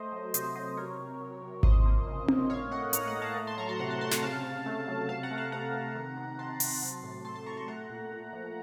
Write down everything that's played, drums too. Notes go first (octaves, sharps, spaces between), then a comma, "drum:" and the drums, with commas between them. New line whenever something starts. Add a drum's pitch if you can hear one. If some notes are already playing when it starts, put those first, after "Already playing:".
Already playing: A3 C5 D#5
F#3
C3 C5 D#5, drum: hi-hat
F#3 C5 D#5
C3 A#4 C#5
C3
F#3
C3
F3 C5 D#5, drum: kick G#1
A#3
C#3
A#3, drum: tom C4
A2 C#5 F5
A3 D#5 F#5
A2 F#5 A#5, drum: hi-hat
D#5 F#5
A2
F5 A5
A3
A5 C6
F#3 A#5 C#6
A5 C6
C3 F#5 A#5
A5 C6
C3 A5 C6
F#5 A#5, drum: snare
C#3 F5 A5
C#3
A3
F#3
C3 F5 A5
F#5 A#5
A3
F5 A5
C3 F#5 A#5
C3
D#3
C3
C3 A5 C6
C3, drum: open hi-hat
F#3
A2
A3 A5 C6
A5 C6
A2 A#5 C#6
A5 C6
A3 F#5 A#5
A#2
A#2
F3